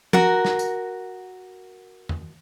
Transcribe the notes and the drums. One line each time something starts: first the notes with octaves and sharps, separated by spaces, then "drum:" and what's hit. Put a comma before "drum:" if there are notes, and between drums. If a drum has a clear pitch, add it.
F#4 A#4, drum: tom
drum: snare
drum: tambourine
drum: tom E2